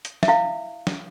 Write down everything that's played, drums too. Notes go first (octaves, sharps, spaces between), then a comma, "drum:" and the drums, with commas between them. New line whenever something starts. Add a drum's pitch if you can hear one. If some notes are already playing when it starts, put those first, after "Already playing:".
drum: hi-hat
E5, drum: snare
E4 F5
drum: snare